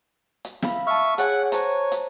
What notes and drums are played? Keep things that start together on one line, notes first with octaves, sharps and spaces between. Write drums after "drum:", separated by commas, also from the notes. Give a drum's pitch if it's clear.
drum: hi-hat
E5 F5 B5, drum: snare
E5 A5 C#6 F6
G#4 C#5 F#5 G#5, drum: hi-hat
C5 C#5 A5 A#5, drum: hi-hat
drum: hi-hat